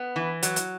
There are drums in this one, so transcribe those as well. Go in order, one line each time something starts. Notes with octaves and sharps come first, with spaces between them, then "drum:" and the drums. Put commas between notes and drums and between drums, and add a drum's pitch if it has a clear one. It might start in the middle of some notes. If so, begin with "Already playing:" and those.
Already playing: B3
E3
F#3, drum: hi-hat
drum: hi-hat